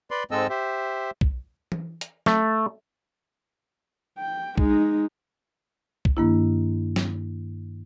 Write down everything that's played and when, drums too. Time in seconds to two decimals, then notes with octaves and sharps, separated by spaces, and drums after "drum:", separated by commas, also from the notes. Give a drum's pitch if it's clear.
0.11 B4 D5 C6
0.31 G#2 G#3 C4 A4 D#5 E6
0.50 G4 C5 E5
1.21 drum: kick
1.72 drum: tom E3
2.01 drum: hi-hat
2.26 A3, drum: snare
4.19 G5
4.58 G#3 D#4, drum: kick
6.05 drum: kick
6.17 G2 D#3 A#3 D4 E4
6.96 drum: snare